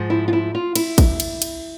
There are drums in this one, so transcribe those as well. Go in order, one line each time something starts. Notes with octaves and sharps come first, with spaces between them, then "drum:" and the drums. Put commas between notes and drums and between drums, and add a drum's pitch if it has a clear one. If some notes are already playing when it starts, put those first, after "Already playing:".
Already playing: G#2 F3
E4
F4
E4
F4
E4, drum: cymbal
drum: kick, cymbal
drum: cymbal
drum: cymbal